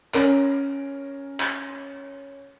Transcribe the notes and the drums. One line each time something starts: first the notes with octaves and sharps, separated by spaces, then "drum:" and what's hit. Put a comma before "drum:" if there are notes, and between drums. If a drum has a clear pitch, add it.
C#4 A#4, drum: clap
drum: clap